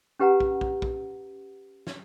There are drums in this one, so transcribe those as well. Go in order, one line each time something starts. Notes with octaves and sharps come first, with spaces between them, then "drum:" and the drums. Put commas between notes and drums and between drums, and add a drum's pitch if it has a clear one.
C#4 G4 B4 F#5 A#5
drum: kick
drum: kick
drum: kick
drum: snare